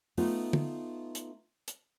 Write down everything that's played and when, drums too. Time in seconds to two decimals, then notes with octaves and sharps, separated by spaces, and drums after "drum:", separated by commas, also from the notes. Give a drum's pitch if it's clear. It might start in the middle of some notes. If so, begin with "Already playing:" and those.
0.18 A3 B3 D#4 F4 B4, drum: open hi-hat
0.53 drum: tom
1.15 drum: hi-hat
1.68 drum: hi-hat